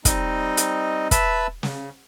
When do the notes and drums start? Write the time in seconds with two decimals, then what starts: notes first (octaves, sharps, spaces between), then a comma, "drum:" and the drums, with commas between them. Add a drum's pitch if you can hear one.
0.05 G3 C4 D#4 D#5, drum: kick, hi-hat
0.57 drum: hi-hat
1.11 B4 E5 A5 B5 E6, drum: kick, hi-hat
1.63 C#3, drum: snare